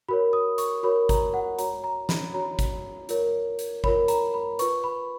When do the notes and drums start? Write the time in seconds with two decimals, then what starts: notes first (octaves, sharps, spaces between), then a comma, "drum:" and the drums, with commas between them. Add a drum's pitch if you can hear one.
0.09 F#4 A#4 C#5 B5
0.33 D#6
0.58 C#6, drum: hi-hat
0.83 F#4 A#4 C#5 B5
1.09 A#5, drum: kick G#1, hi-hat
1.34 F#5
1.59 F#4 C#5 A#5, drum: hi-hat
1.84 A#5
2.09 B5, drum: snare
2.34 F#4 C#5 A#5
2.59 drum: kick G#1, hi-hat
3.09 F4 A#4 C#5, drum: hi-hat
3.59 drum: hi-hat
3.84 F4 A#4 C#5 B5, drum: kick G#1
4.08 A#5, drum: hi-hat
4.34 B5
4.59 F4 B4 C#6, drum: hi-hat
4.84 B5